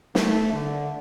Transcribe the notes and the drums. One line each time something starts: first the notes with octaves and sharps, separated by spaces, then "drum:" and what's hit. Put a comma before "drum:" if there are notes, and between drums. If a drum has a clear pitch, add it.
A3, drum: snare
D3